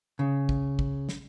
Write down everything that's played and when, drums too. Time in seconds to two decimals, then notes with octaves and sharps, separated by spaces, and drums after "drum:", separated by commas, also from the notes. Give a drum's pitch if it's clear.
0.19 C#3
0.49 drum: kick
0.79 drum: kick
1.09 drum: snare